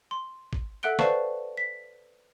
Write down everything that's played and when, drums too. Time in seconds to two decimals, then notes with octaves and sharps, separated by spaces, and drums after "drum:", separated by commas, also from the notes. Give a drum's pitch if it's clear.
0.11 C6
0.53 drum: kick
0.83 A4 E5 F#5 F#6 D7 G7
0.99 B4 C5 D5 F5 A5 C#6, drum: snare
1.57 B6